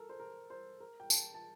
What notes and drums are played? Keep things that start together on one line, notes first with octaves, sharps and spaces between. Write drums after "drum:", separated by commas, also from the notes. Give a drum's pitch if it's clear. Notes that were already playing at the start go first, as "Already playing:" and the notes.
Already playing: A4 A#4
C5
A#4
C5
A#4
G5
A5, drum: tambourine
A5